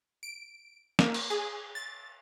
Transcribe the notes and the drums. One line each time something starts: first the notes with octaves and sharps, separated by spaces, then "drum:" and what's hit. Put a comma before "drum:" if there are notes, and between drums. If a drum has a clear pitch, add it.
D7
A#3, drum: snare
drum: cymbal
G#4
A6